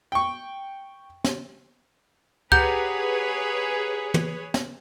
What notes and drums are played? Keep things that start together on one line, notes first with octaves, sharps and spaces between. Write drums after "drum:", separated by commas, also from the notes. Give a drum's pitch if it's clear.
G5 C#6
drum: snare
G4 G#4 B4 C#5 F#5 A#5 G6, drum: kick C#2
drum: tom
drum: snare